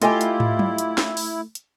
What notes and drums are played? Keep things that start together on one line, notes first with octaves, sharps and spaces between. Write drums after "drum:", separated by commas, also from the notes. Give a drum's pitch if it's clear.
A3 E4 F4 G4 A4 D#5 G#5, drum: hi-hat
drum: hi-hat
drum: tom
drum: tom F#3
drum: hi-hat
drum: snare
drum: open hi-hat
drum: hi-hat